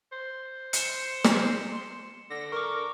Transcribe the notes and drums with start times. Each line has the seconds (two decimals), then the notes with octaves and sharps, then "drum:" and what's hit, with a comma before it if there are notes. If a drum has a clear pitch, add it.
0.12 C5
0.73 C6 C#7 E7, drum: hi-hat
1.25 drum: snare
2.30 D3 A#6
2.52 A#4 C#6 D6